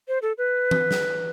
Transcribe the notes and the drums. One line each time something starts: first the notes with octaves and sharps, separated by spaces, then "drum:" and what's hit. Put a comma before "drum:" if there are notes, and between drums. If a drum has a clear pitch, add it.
C5
A4
B4
drum: tom E3
drum: snare